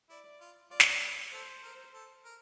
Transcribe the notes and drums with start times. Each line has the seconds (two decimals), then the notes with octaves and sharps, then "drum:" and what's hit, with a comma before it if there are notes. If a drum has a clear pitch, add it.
0.09 E4 D5
0.41 F4
0.70 F4 D5
0.80 drum: snare
1.33 A4 C5
1.63 A#4
1.94 A4
2.25 A#4